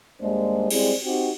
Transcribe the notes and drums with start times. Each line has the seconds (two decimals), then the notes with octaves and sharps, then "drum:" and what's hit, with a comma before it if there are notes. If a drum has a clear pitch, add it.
0.21 D#2 G3 G#3 A#3 D4 C5
0.71 G3 G#3 C4 E4 G#4 D5, drum: cymbal
1.04 C4 D#4 F#4 G4